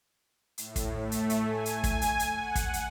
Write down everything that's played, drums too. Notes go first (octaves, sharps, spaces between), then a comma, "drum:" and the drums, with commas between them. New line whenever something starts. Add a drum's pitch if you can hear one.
A2, drum: hi-hat
drum: kick, hi-hat
A3
drum: hi-hat
drum: hi-hat
G#5
drum: hi-hat
drum: kick, hi-hat
drum: hi-hat
drum: hi-hat
F#5
drum: kick, hi-hat
drum: hi-hat